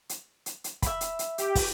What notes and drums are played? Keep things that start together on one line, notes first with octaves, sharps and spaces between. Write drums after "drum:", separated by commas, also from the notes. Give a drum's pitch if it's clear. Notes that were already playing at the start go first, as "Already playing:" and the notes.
drum: hi-hat
drum: hi-hat
drum: hi-hat
E5 B5, drum: kick, hi-hat
drum: hi-hat
drum: hi-hat
G4, drum: hi-hat
drum: kick, open hi-hat